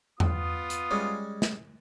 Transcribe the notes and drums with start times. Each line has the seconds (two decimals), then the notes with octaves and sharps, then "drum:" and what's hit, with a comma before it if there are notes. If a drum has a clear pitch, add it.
0.20 B3 F4 D#6, drum: tom E2
0.70 drum: hi-hat
0.91 G3 G#3 C#4
1.42 drum: snare